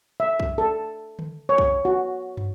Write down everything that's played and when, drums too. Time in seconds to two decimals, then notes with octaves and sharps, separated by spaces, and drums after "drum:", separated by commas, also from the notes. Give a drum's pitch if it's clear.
0.20 E5
0.40 drum: kick
0.58 A4
1.19 drum: tom D3
1.49 C#5
1.58 drum: kick
1.85 F#4
2.37 drum: tom